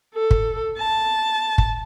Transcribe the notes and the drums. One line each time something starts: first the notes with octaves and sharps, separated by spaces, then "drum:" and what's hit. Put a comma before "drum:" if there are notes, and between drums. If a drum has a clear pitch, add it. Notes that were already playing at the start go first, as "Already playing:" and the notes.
A4
drum: kick
A5
drum: kick